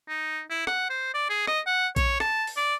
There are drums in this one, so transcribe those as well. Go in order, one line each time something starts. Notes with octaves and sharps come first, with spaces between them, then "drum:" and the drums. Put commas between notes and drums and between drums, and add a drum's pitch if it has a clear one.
D#4
E4
F#5, drum: rim click
C5
D5
G#4
D#5, drum: rim click
F#5
C#5, drum: kick A#1, hi-hat
A5, drum: rim click
drum: open hi-hat
D5